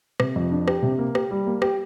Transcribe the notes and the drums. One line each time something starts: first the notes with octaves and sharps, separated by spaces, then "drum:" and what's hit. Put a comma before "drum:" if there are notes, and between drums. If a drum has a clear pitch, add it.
C3, drum: rim click
F2
D4
G4, drum: rim click
C3
A#3
G4, drum: rim click
G3
A#3
G4, drum: rim click